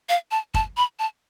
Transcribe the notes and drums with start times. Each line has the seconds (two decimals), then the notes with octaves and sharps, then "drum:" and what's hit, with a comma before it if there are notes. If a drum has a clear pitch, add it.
0.09 F5
0.31 A5
0.54 A5, drum: kick
0.77 B5
0.99 A5